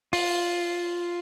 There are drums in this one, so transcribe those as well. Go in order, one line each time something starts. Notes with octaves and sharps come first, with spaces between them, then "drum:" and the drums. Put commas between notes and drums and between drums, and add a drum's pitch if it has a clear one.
F4, drum: open hi-hat